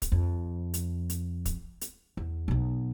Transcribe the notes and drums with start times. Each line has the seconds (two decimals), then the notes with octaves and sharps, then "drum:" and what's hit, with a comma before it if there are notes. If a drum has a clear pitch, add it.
0.02 drum: kick, hi-hat
0.12 F2
0.74 drum: hi-hat
1.10 drum: hi-hat
1.45 drum: kick, hi-hat
1.81 drum: hi-hat
2.17 E2
2.48 B1 B3